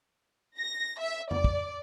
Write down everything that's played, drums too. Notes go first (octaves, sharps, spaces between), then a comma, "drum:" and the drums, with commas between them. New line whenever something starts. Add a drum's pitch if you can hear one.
A#6
E5
D5, drum: tom F2
drum: kick